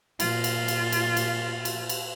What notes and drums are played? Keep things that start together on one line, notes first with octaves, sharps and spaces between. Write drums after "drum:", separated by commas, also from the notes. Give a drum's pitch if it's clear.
A#2 F4, drum: cymbal
drum: cymbal
drum: cymbal
drum: cymbal
drum: cymbal
drum: cymbal
drum: cymbal